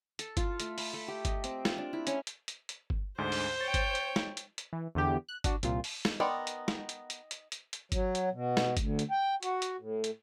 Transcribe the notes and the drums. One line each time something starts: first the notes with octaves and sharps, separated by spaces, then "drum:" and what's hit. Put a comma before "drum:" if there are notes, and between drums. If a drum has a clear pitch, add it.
A4, drum: hi-hat
F4, drum: kick G1, hi-hat
A3, drum: hi-hat
B5, drum: open hi-hat
A3
G4
D#5, drum: kick G1, hi-hat
C4, drum: hi-hat
F4, drum: snare
D4
E4
C#4, drum: hi-hat
drum: hi-hat
drum: hi-hat
drum: hi-hat
drum: kick G1
D2 G#2 D3 C5
drum: open hi-hat
C#5 G5 A6
drum: kick G1, hi-hat
drum: hi-hat
drum: snare
drum: hi-hat
drum: hi-hat
E3
E2 D3 G4
F#6
D4 F#4, drum: kick G1, hi-hat
C2 A#2 F4, drum: hi-hat
drum: open hi-hat
drum: snare
B3 A#4 D5 D#5 G5 C6
drum: hi-hat
drum: snare
drum: hi-hat
drum: hi-hat
drum: hi-hat
drum: hi-hat
drum: hi-hat
F#3, drum: kick G1, hi-hat
drum: hi-hat
B2
drum: snare
D2, drum: kick G1, hi-hat
drum: hi-hat
G5
F#4, drum: hi-hat
drum: hi-hat
A2
drum: hi-hat